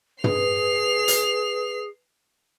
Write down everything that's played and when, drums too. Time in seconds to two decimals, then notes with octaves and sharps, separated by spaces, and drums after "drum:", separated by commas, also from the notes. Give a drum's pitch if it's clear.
0.24 G#4 B4 C7 F7, drum: tom
1.08 drum: hi-hat